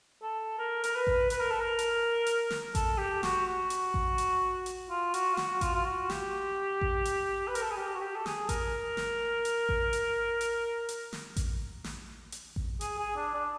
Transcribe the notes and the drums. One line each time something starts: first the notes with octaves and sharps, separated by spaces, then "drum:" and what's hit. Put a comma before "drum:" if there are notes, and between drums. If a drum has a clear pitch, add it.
A4
A#4
A#4, drum: hi-hat
B4
drum: kick A1
B4, drum: hi-hat
A#4
A4
A#4
drum: hi-hat
drum: hi-hat
drum: snare
A4, drum: kick A1, hi-hat
G4
F#4, drum: snare
F#4
drum: hi-hat
drum: kick A1
drum: hi-hat
drum: hi-hat
F4
F#4, drum: hi-hat
F4
F#4, drum: snare
F4, drum: kick A1, hi-hat
F4
F#4
G4, drum: snare
drum: kick A1
drum: hi-hat
B4
A#4, drum: hi-hat
A4
G#4
G4
F#4
G4
A4
G#4, drum: snare
A#4, drum: kick A1, hi-hat
drum: snare
drum: hi-hat
drum: kick A1
drum: hi-hat
drum: hi-hat
drum: hi-hat
drum: snare
drum: kick A1, hi-hat
drum: snare
drum: hi-hat
drum: kick A1
G#4, drum: hi-hat
G#4
D4
D4